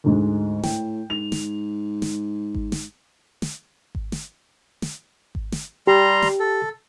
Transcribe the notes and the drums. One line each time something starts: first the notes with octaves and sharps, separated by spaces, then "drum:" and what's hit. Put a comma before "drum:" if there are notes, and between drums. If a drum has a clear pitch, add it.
D2 G#2 G#3
A2 G5, drum: snare
G#2 F7
drum: snare
drum: snare
drum: kick G#1
drum: snare
drum: snare
drum: kick G#1
drum: snare
drum: snare
drum: kick G#1
drum: snare
G3 G4 A#5 C6
drum: snare
A4